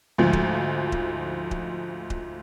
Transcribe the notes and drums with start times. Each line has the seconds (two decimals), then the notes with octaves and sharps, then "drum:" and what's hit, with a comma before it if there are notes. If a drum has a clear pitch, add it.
0.18 D2 G#2 F3
0.33 drum: kick D#1
0.92 drum: kick D#1
1.51 drum: kick D#1
2.10 drum: kick D#1